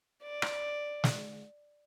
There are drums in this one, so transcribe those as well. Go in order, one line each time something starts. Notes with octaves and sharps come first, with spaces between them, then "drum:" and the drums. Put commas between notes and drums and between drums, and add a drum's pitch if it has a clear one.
D5
drum: rim click
drum: snare